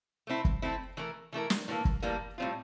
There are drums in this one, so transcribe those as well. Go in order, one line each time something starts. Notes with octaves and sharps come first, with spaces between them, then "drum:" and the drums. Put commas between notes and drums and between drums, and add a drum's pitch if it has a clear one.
A3 C4 E4
drum: kick
A3 C4 E4
E3 A3 E4 A#4
E3 A3 E4 A#4
drum: snare
A2 E3 G3 A#3
drum: kick
A2 E3 G3 A#3
A2 G3 C4 F4